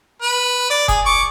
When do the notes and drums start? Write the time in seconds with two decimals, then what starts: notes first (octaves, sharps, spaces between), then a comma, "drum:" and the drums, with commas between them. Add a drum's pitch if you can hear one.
0.22 B4
0.70 D5
0.88 G#4, drum: kick F1, hi-hat
1.06 C#6 D6